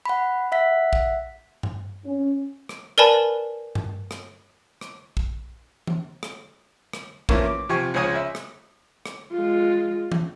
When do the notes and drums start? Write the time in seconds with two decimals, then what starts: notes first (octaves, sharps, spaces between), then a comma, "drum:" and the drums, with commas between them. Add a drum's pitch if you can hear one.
0.05 F#5 B5
0.52 E5 F#5 B6
0.93 drum: kick
1.63 drum: tom G2
2.06 C#4
2.69 drum: rim click
2.98 A#4 B4 D5 G#5 A5 B5
3.75 drum: tom G2
4.11 drum: rim click
4.81 drum: rim click
5.17 drum: kick
5.87 drum: tom E3
6.23 drum: rim click
6.93 drum: rim click
7.29 E3 F3 A3 A#3 C#4 E4, drum: kick
7.45 D6
7.69 C3 F3 G4 G#5 C#6
7.94 C#2 C#3 F3 C#5 G#5 D#6
8.15 E5
8.35 drum: rim click
9.06 drum: rim click
9.32 G#3 F4
10.12 drum: tom E3